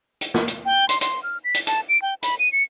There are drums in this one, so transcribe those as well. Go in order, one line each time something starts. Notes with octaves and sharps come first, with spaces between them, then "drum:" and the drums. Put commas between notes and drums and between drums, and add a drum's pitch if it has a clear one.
drum: hi-hat
drum: snare
drum: hi-hat
G5
C6, drum: hi-hat
C6, drum: hi-hat
F6
B6
drum: hi-hat
A5, drum: hi-hat
D7
G5
B5, drum: hi-hat
D#7
C#7